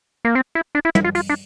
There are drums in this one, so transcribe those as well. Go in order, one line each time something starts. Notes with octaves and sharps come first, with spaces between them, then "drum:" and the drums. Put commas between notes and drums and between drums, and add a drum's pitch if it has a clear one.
A#3
C4
E4
D4
E4
E4, drum: tom
F4
F4, drum: open hi-hat
D4